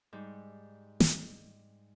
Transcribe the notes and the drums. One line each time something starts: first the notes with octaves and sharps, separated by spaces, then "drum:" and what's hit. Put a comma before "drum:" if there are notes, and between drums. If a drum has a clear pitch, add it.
G#2 G3
drum: snare